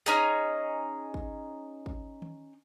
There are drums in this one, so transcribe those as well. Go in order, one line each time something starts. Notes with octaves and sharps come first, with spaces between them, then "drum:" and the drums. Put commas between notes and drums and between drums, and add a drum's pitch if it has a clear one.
C#4 D#4 G#4
drum: kick
drum: kick
drum: tom D#3